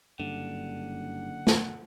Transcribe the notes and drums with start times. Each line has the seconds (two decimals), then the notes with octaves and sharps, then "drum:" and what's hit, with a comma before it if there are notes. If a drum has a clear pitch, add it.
0.20 F#1 G2 D3 F#5
1.47 drum: snare